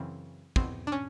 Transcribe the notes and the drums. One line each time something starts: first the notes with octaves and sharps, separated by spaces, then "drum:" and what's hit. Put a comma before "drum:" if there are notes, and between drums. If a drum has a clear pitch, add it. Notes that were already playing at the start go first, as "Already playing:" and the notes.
Already playing: F#2 C#3 E3 C4
E2 B2 C4, drum: kick
D4
C#4